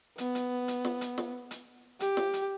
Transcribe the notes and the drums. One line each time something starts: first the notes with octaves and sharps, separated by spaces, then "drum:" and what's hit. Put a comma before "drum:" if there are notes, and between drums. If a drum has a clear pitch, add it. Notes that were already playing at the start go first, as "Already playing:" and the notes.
B3, drum: hi-hat
drum: hi-hat
drum: hi-hat
drum: snare
drum: hi-hat
drum: snare
drum: hi-hat
G4, drum: hi-hat
drum: snare
drum: hi-hat